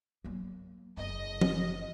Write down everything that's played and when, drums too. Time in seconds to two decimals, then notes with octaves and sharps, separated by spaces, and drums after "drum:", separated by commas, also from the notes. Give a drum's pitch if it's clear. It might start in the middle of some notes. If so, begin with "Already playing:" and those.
0.24 F#3 A#3
0.97 F#1 D#5
1.41 drum: tom F3